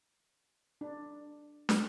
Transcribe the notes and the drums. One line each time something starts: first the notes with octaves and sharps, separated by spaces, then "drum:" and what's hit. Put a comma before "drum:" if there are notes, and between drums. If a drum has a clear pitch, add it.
D4
drum: snare